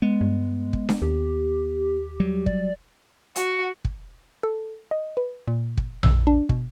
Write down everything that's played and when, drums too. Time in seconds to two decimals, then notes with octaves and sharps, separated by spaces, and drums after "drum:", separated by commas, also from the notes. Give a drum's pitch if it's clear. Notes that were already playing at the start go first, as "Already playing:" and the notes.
0.02 G#3 B3
0.21 G2
0.73 drum: kick
0.89 drum: snare D4
1.02 D#2 G4
2.20 F#3 G3
2.46 D5, drum: kick
3.36 F#4, drum: hi-hat
3.85 drum: kick
4.43 A4
4.91 D#5
5.17 B4
5.47 A#2
5.77 drum: kick
6.03 E6, drum: tom A#1
6.27 D4
6.49 B2, drum: kick